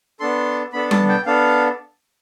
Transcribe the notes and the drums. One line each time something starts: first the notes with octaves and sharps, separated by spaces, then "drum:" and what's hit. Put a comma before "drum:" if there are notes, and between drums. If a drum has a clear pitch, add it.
B3 D4 A4 C6
B3 D4 A4 B5
A5, drum: tom G3
G5
B3 D4 A4 F5